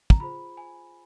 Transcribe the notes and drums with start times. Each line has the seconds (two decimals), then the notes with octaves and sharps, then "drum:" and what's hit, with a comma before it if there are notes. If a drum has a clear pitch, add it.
0.10 A#5, drum: kick
0.20 F4 G#4 C5 B5
0.57 G#5